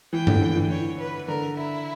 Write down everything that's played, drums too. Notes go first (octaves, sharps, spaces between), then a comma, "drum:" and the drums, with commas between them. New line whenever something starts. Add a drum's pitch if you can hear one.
E3 G5
D3, drum: tom G2
E3
E3
C#5
B4
D3 A#4
E4